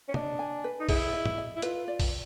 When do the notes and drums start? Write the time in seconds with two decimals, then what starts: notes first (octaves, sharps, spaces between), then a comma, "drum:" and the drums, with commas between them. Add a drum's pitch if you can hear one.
0.09 C#4
0.14 D4 D#5, drum: tom
0.39 G#5
0.64 B4
0.80 D#4
0.89 E4 G#4, drum: kick, open hi-hat
1.13 D#5
1.26 drum: tom
1.38 D#5
1.56 E4
1.62 F4 B4, drum: hi-hat
1.88 D5
2.00 drum: kick, open hi-hat